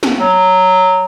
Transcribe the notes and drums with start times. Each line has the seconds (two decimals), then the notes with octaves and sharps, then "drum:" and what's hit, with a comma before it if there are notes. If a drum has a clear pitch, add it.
0.03 drum: snare
0.19 F#3